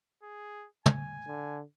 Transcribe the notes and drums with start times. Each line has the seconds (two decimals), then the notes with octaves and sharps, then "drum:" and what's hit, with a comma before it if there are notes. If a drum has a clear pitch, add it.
0.23 G#4
0.86 G#5, drum: tom
1.27 D3